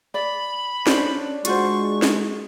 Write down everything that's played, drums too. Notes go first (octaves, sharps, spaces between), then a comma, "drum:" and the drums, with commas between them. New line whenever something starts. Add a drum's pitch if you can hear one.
D5 B5
C#4 D4 C5 C#5, drum: snare
G#3 F4 F#4 C5 C#6, drum: hi-hat
drum: snare